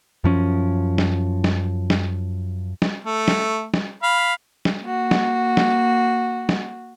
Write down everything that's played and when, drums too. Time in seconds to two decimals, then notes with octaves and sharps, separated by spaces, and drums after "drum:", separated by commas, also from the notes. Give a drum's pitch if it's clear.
0.24 F#2 F3 C#4
0.98 drum: snare
1.44 drum: snare
1.90 drum: snare
2.82 drum: snare
3.05 A3
3.28 drum: snare
3.74 drum: snare
4.03 F5 B5
4.65 drum: snare
4.81 A#3 F#4
5.11 drum: snare
5.57 drum: snare
6.49 drum: snare